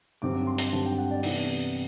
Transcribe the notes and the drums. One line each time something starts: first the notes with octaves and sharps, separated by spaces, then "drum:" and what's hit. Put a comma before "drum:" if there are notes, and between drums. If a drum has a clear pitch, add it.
G2 D3 F#3 C4 D6
C6
drum: hi-hat
G2 D3 F#3 C4 A5
G5
F#5
D5
C3 E3 B3 D5, drum: open hi-hat